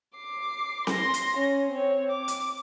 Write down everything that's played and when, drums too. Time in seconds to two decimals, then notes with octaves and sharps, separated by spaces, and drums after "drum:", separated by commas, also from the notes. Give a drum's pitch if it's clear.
0.16 D6 C7
0.87 C6 A#6, drum: snare C4
1.14 drum: hi-hat
1.37 C#4
1.71 C4 C#5
2.10 D6
2.28 drum: hi-hat